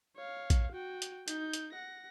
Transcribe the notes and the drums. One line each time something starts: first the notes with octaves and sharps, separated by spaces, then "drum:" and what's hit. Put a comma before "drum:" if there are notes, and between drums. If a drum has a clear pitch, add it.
C#5 F5
drum: kick A#1, hi-hat
F#4 G5
drum: hi-hat
D#4 G6, drum: hi-hat
drum: hi-hat
F#5 A#6